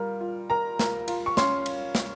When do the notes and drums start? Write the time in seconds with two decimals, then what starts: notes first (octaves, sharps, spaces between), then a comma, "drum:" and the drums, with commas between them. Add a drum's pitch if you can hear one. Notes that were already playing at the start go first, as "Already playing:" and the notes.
Already playing: G3 F4 A#4
0.21 F4
0.50 A#4 A#5
0.79 A#4, drum: snare
1.08 F4, drum: cymbal
1.26 C#6
1.37 C#4 C6, drum: snare
1.66 drum: cymbal
1.95 drum: snare